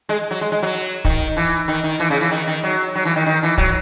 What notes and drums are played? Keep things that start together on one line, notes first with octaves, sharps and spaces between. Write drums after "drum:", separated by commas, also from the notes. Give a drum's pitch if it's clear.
G#3
F#3
G#3
G#3
F#3
D#3, drum: kick
E3
D#3
D#3
E3
C#3
E3
D#3
D#3
F#3
F#3
E3
D#3
D#3
E3
F#3, drum: kick